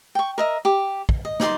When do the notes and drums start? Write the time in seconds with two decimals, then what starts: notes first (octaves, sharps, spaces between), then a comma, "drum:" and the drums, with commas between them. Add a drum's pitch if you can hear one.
0.15 G5 C#6
0.38 A#4 D#5 E5
0.65 G4 D6
1.09 drum: kick
1.25 D#5
1.40 D#4 D5 F5 C6, drum: snare